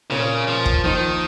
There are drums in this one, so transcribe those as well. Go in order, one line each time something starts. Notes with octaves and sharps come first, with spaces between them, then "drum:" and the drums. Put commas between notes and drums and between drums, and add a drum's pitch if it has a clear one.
A#2 C#3 A#3 C#4
F3
drum: kick
D#3 F3 A#3 D#4